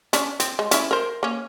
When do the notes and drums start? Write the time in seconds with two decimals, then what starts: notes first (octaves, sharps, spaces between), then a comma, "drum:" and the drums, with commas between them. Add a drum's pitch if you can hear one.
0.13 C#4 D4, drum: hi-hat
0.40 C4, drum: hi-hat
0.59 G#3
0.71 C#4 E4, drum: hi-hat
0.91 A#4 C5
1.23 A#3 C#4